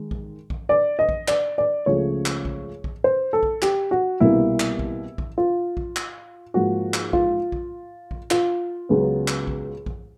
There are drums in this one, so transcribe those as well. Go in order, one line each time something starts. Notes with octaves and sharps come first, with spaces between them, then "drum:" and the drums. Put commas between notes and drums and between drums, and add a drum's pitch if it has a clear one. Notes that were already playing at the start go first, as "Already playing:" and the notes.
Already playing: D#3 G#3
drum: kick A#1
drum: kick A#1
D5
D#5
drum: kick A#1
D5, drum: clap
D5
C#2 C#3 F3 A3 C#5
drum: clap
drum: kick A#1
drum: kick A#1
C5
A4
drum: kick A#1
G4, drum: clap
F#4
C2 B2 G3 A#3 E4
drum: clap
drum: kick A#1
drum: kick A#1
F4
drum: kick A#1
drum: clap
G#2 F3 A#3 F#4
drum: clap
F4, drum: kick A#1
drum: kick A#1
drum: kick A#1
F4, drum: clap
C#2 C#3 F#3 B3
drum: clap
drum: kick A#1
drum: kick A#1